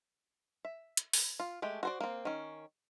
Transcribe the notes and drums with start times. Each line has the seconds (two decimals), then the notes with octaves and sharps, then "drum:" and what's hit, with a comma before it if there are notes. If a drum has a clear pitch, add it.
0.65 E5
0.97 drum: hi-hat
1.13 drum: open hi-hat
1.40 F4
1.62 G#3 A3 G4
1.83 F#4 C5 D5
2.00 A#3 C4
2.25 D#3 C#4